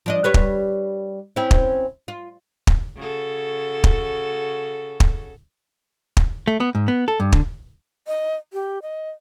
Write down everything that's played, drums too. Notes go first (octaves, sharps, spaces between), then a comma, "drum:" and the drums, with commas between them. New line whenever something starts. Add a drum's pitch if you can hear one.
F3 D4 D#5
G3 B4 C#5
drum: kick
C4 C#4 E4
drum: kick
F4
drum: kick
C#3 F#4 A4
drum: kick
drum: kick
drum: kick
A3
B3
G#2
B3
A4
G2
D3, drum: kick
D#5
G4
D#5